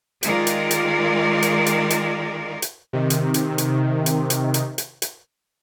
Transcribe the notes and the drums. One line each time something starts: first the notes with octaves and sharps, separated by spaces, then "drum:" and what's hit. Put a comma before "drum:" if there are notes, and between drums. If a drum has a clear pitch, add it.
D#3 G#3 F4 A#4 D5, drum: hi-hat
drum: hi-hat
drum: hi-hat
drum: hi-hat
drum: hi-hat
drum: hi-hat
drum: hi-hat
C3 D#3
drum: hi-hat
drum: hi-hat
drum: hi-hat
drum: hi-hat
drum: hi-hat
drum: hi-hat
drum: hi-hat
drum: hi-hat